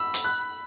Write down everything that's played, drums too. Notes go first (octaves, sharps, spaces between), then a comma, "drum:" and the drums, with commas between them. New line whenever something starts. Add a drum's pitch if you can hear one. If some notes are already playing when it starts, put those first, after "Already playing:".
Already playing: B5 E6
drum: hi-hat
F#6